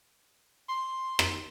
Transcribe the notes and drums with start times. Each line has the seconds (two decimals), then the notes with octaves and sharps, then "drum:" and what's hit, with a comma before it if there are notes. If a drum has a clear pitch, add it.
0.69 C6
1.19 drum: rim click